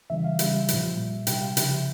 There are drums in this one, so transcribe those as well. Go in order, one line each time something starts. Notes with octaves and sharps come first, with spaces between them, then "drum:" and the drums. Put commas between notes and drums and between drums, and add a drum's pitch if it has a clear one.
C#3 E3 G3 E5
F5
C#3 G3 E5, drum: hi-hat
A#2 F3, drum: hi-hat
A#2 G3
C3 G3 G5, drum: hi-hat
F5
C#3 F3 E5, drum: hi-hat